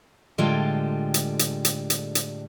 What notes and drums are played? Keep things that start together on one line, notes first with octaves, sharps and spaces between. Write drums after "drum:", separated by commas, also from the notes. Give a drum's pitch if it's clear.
A2 D3 G3 G#3 F4 G5
drum: hi-hat
drum: hi-hat
drum: hi-hat
drum: hi-hat
drum: hi-hat